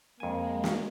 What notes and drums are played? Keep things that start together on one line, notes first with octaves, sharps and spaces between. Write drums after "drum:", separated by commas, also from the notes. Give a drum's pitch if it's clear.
F2 G#3 A#3 G#5
drum: snare